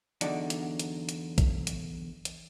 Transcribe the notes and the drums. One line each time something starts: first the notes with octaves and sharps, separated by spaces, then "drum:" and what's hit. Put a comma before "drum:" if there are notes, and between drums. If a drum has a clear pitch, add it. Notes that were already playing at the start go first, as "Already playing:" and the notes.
E2 D3 F#3 D#4 D5 F#5, drum: hi-hat
drum: hi-hat
drum: hi-hat
drum: hi-hat
drum: kick B1, hi-hat
drum: hi-hat
drum: hi-hat